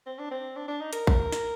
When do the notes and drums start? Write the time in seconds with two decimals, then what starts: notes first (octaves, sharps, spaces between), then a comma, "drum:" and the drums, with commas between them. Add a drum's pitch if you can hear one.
0.06 C4
0.18 D4
0.31 C4
0.56 D4
0.68 D4
0.81 D#4
0.93 A#4, drum: hi-hat
1.07 drum: kick A#1
1.32 drum: snare